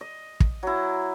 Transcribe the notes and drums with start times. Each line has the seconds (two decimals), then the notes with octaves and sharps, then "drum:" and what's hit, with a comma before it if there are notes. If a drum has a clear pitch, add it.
0.01 D#5
0.40 drum: kick
0.63 F#3 E4